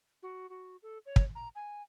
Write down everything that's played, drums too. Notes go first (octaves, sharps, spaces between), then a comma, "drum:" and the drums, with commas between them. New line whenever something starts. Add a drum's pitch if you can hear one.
F#4
F#4
A4
C#5
drum: kick
A#5
G#5